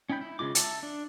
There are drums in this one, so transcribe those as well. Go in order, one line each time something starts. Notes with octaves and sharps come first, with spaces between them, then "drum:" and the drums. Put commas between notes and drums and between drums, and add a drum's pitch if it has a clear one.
C#4 D#4 G5 B5 G6
E4
C#3 G#3 F4 D6
E5 A5, drum: hi-hat
D4